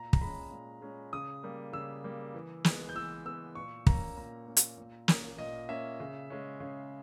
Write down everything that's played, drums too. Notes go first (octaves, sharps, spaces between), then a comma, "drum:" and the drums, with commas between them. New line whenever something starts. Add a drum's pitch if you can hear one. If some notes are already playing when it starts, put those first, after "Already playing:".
Already playing: A#2 A#5
A#5, drum: kick
G#3 C#4 B5
A#2
G#3 C#4
C#3 D#6
G3 A#3
C#3 E6
G3 A#3
E3
G#3 B3, drum: snare
G6
E3 E6
G#3 B3 E6
A#2 C#6
A#3 C#4 A#5, drum: kick
A#2 A#5
A#3 C#4
drum: hi-hat
A#2
A#3 C#4, drum: snare
A#2 D#5
A#3 C#4 E5
C#3
G#3 C#4
C#3